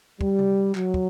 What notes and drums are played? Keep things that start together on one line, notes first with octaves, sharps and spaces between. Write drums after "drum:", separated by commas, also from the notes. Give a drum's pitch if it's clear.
G3, drum: kick
drum: tom C3
F#3, drum: clap
drum: kick